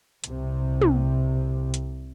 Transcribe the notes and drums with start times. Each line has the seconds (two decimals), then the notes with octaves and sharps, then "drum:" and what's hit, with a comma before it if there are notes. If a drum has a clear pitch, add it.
0.24 C2 C3, drum: hi-hat
0.81 drum: tom
1.74 drum: hi-hat